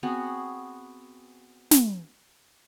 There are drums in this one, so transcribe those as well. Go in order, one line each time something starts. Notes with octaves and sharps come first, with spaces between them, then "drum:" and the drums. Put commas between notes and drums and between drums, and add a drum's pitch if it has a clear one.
B3 C4 F#4 G#4
drum: snare